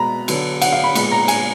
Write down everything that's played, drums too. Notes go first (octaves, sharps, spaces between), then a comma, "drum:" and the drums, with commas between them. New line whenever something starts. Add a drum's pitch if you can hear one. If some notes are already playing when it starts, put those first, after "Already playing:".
Already playing: B2 G#3 B3 A#5 B5
D3 F#3 B3, drum: cymbal
F#5, drum: cymbal
F5
B5
A#2 G#3 B3 B5, drum: cymbal
A#5
G#5, drum: cymbal